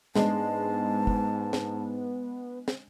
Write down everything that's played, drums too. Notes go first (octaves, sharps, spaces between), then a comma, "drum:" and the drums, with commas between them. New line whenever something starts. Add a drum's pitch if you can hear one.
G#2 G#3 B3 D4 A5, drum: snare
drum: kick
drum: snare
drum: snare